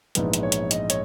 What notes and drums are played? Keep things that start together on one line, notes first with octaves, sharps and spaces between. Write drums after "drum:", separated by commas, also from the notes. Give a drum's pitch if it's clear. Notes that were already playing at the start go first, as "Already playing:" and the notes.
A#1 G#2 E3 G#3 B3, drum: hi-hat
drum: hi-hat
C#5
drum: hi-hat
D#5, drum: hi-hat
C#5, drum: hi-hat